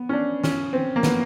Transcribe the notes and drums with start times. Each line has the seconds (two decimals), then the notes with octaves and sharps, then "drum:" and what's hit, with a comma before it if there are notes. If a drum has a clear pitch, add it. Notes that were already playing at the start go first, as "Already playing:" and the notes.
Already playing: B3
0.09 C#4
0.13 D4
0.44 C#4, drum: snare
0.73 C4
0.96 A#3
1.03 B3, drum: snare